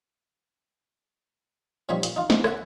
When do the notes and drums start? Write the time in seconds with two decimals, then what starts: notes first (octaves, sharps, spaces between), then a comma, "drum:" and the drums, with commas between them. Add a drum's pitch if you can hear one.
1.89 A#2 F3 G3 D#4 C#5 B5
2.03 A#2, drum: hi-hat
2.16 D#4 F4
2.30 G#3 C5, drum: snare
2.44 C#5 E5 F#5 G#5, drum: rim click